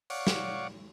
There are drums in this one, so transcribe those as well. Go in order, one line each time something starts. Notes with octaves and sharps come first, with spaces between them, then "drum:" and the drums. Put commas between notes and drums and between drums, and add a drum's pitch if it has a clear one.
C#5 D5 F5 F#5 C#6 D6, drum: open hi-hat
drum: snare